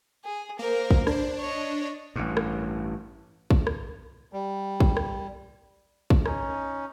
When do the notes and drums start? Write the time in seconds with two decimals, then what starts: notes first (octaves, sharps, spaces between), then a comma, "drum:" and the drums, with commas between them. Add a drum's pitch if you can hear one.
0.25 G#4
0.59 A#3 A#4 C5
0.91 drum: kick
1.07 D4 C5, drum: rim click
1.39 C#5 D#5
2.16 A1 G2
2.37 drum: rim click
3.50 drum: kick
3.67 drum: rim click
4.33 G3
4.80 drum: kick
4.97 drum: rim click
6.10 drum: kick
6.26 C#4 D#4, drum: rim click